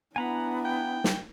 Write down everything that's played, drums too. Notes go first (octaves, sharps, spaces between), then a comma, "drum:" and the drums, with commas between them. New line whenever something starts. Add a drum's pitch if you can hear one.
B3 D4 E4 F#5 G#5 A#5 B5
G5
drum: snare